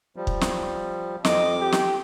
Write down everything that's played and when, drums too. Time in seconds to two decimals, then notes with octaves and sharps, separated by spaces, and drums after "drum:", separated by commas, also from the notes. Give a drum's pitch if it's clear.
0.16 F3 G3
0.27 drum: kick
0.41 drum: snare
1.25 F2 D#5 D6, drum: snare
1.61 G4
1.72 drum: snare